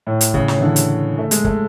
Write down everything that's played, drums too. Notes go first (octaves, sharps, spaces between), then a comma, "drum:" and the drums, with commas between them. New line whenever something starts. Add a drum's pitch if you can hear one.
A2
drum: hi-hat
C#3, drum: kick
drum: snare
E3
D3
drum: hi-hat
A3
G#3, drum: hi-hat
A3, drum: kick